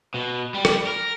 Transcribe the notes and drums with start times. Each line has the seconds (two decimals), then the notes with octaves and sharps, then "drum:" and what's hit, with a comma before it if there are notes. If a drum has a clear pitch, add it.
0.14 B2
0.54 G3
0.65 drum: rim click
0.87 A#4